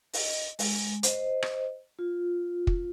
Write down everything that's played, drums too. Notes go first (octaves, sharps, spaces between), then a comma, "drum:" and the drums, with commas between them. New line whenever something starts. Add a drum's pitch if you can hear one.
D#5, drum: open hi-hat
G#3, drum: open hi-hat
C5 D#5, drum: hi-hat
drum: rim click
F4
drum: kick